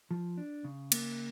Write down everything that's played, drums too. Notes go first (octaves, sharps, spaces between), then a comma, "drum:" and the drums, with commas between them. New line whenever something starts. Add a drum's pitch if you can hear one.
F3
D4
C#3
A#3, drum: cymbal